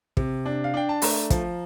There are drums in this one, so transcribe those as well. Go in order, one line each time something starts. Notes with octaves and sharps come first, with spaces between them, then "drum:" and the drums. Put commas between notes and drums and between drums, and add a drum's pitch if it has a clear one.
C3, drum: kick
D4
F5
D4 G5
A5
A3 A#5, drum: open hi-hat
F3, drum: kick, hi-hat